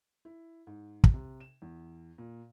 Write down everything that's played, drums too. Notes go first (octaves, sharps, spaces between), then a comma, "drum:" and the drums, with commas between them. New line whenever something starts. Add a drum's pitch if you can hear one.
E4
G#2
drum: kick
C3
E7
E2
A#2